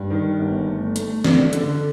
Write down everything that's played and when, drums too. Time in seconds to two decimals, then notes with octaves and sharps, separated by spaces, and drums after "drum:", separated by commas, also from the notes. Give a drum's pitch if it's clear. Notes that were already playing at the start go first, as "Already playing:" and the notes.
Already playing: G2
0.10 D#3
0.39 G1
0.67 A3
0.96 A3, drum: hi-hat
1.24 D4, drum: snare E3
1.53 D3, drum: hi-hat